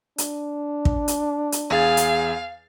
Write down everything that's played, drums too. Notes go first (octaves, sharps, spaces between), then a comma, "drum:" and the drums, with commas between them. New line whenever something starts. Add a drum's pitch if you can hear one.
D4, drum: hi-hat
drum: kick
drum: hi-hat
drum: hi-hat
E2 G#4 F5 A6
drum: hi-hat